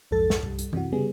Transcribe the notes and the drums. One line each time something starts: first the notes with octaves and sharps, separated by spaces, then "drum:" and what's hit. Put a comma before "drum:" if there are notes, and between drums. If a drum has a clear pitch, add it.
B1 F2 G#2 A4 A6
drum: snare
C2 G2 G3
drum: hi-hat
F#2 C3 E3 F#4, drum: tom E3
C#3 G3 B3 C#4 G#4